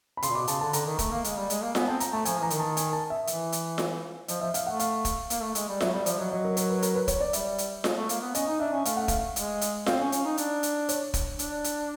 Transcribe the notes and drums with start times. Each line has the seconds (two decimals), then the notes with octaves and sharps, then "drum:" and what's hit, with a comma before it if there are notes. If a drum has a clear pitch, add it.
0.17 B5
0.22 C#3 C6, drum: hi-hat
0.29 A#2
0.35 B2 D6
0.48 C#3 A5, drum: hi-hat
0.61 D3 A5
0.73 D3 A#5, drum: hi-hat
0.86 D#3
0.99 A3, drum: kick, hi-hat
1.12 A#3
1.24 G#3, drum: hi-hat
1.37 G3
1.50 G#3, drum: hi-hat
1.62 A#3
1.75 B3 G#5, drum: snare F4
1.88 C4 A5
2.00 A#5, drum: hi-hat
2.13 A3 A5
2.25 F3 G#5, drum: hi-hat
2.40 E3 A#5
2.50 D#3, drum: hi-hat
2.60 A5
2.77 G#5, drum: hi-hat
2.93 A5
3.10 E5
3.27 E3, drum: hi-hat
3.52 drum: hi-hat
3.78 drum: snare F4
4.28 F3 D#5, drum: hi-hat
4.41 F3 E5
4.54 F5, drum: hi-hat
4.66 A3 F#5
4.79 F5, drum: hi-hat
5.05 drum: kick, hi-hat
5.30 A#3, drum: hi-hat
5.42 A3
5.55 G#3, drum: hi-hat
5.68 G3
5.81 F#3 E5, drum: snare F4
5.93 G3 E5
6.06 F3 D5, drum: hi-hat
6.19 F#3 D#5
6.31 F#3 D#5
6.44 A#4
6.57 A#4, drum: hi-hat
6.70 B4
6.82 A#4, drum: hi-hat
6.95 B4
7.08 C#5, drum: kick, hi-hat
7.21 D5
7.33 G3 E5, drum: hi-hat
7.58 drum: hi-hat
7.84 G#3, drum: snare F4
7.96 A3
8.09 A#3, drum: hi-hat
8.22 B3
8.35 C#4 D#5, drum: hi-hat
8.47 D#4
8.60 D4 E5
8.72 C#4
8.85 A3 F5, drum: hi-hat
8.97 F#5
9.08 F5, drum: kick, hi-hat
9.36 G#3, drum: hi-hat
9.61 drum: hi-hat
9.86 C4 F5, drum: snare F4
10.00 C#4
10.12 C#4, drum: hi-hat
10.25 D#4
10.38 D4, drum: hi-hat
10.63 drum: hi-hat
10.89 C#5, drum: hi-hat
11.14 drum: kick, hi-hat
11.39 D4, drum: hi-hat
11.64 drum: hi-hat